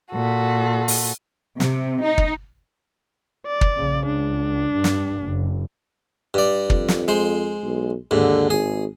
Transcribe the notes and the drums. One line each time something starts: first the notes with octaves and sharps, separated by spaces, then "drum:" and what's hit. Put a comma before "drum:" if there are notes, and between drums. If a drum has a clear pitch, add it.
A#2 F#4 A4
drum: open hi-hat
C3, drum: snare
D#4
drum: kick
D5
drum: kick
A#1 C#3
C#2 D4
G2
drum: snare
F#1
G2 D5
F2, drum: kick
drum: snare
G#3 C5
B1
D#2 G#2 D3
G#1 G#4